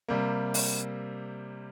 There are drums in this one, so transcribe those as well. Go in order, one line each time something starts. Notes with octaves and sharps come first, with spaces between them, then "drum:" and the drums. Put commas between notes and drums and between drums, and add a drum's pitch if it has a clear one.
C3 G3 A#3
drum: open hi-hat